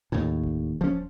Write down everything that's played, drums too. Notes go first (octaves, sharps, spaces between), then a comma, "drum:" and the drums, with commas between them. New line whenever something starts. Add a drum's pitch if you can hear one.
D#2 A2
drum: kick D#1
F3 C#4, drum: kick D#1